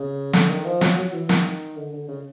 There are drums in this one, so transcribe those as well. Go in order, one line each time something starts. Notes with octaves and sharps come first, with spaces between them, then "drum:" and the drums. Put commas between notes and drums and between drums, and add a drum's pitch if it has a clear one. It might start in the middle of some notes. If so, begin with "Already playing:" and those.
Already playing: C#3
D3, drum: snare
D#3
F3
F#3, drum: snare
F#3
E3
D#3, drum: snare
D3
D3
C#3